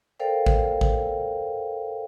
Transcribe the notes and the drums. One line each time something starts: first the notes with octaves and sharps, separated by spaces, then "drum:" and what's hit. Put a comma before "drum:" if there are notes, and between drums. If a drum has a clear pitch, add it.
A4 A#4 C5 D5 F5 G5
drum: kick A1
drum: kick A1